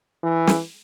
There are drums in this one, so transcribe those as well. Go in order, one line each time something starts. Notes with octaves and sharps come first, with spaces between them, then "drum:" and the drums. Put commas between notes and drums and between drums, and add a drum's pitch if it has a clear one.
E3
drum: snare